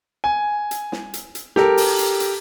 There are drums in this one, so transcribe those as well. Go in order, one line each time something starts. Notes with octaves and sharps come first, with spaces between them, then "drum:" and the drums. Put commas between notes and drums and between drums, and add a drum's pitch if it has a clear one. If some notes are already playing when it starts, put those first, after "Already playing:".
G#5
drum: hi-hat
drum: snare
drum: hi-hat
drum: hi-hat
G4 A4 A#4, drum: snare
drum: open hi-hat
drum: hi-hat
drum: hi-hat